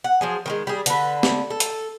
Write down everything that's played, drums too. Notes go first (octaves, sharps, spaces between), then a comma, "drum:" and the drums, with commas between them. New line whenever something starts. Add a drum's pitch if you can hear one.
F#5
F3 F#3 G#4
D#3 G3 G#3
G3 G#4
D3 B4, drum: hi-hat
drum: snare B3
A4
drum: hi-hat